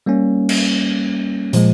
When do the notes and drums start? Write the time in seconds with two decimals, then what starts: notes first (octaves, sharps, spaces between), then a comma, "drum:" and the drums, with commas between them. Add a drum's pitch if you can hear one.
0.06 G3 A#3 C#4
0.49 drum: cymbal
1.53 A#2 F3 G#3, drum: hi-hat